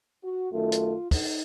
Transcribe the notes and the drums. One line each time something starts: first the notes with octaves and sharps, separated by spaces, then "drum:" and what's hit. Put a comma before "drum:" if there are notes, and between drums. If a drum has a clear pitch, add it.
F#4
F#2 D#3 A3 F4
drum: hi-hat
D#4, drum: kick, open hi-hat